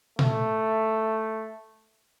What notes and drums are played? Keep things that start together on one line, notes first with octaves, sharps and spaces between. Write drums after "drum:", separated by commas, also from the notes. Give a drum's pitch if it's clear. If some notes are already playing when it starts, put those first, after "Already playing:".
A3, drum: tom A#2